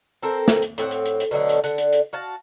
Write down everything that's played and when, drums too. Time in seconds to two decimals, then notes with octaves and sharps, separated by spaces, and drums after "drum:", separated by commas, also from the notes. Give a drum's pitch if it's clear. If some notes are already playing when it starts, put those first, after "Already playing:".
0.23 C4 A4 A#4 C5
0.48 drum: snare
0.62 drum: hi-hat
0.78 A2 C4 E4 F#5, drum: hi-hat
0.91 drum: hi-hat
1.06 drum: hi-hat
1.20 drum: hi-hat
1.31 B2 D3 F#3 A3
1.49 drum: hi-hat
1.64 D3 F#5, drum: hi-hat
1.78 drum: hi-hat
1.93 drum: hi-hat
2.13 F#4 F5 A5